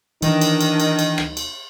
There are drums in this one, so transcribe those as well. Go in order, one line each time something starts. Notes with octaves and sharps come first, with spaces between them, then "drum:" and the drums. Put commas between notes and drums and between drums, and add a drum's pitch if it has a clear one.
D#3 E3 D4 D#4, drum: cymbal
drum: cymbal
drum: cymbal
drum: cymbal
drum: cymbal
drum: rim click
drum: cymbal